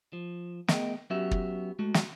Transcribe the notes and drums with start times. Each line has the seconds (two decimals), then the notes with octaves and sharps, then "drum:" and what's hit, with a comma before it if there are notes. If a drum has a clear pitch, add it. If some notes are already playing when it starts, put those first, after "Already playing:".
0.13 F3
0.68 A3 B3 G#4 A#4 D#5 G5, drum: snare
1.10 F#3 B3 C#4 F#4 G4 E5
1.31 drum: kick
1.79 G#3 A3 F#4
1.94 drum: snare